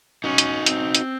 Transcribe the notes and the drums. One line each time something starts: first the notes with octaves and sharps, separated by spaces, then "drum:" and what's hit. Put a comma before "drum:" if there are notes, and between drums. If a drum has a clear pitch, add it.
C#4 D#4 F#4
drum: hi-hat
C4, drum: hi-hat
drum: hi-hat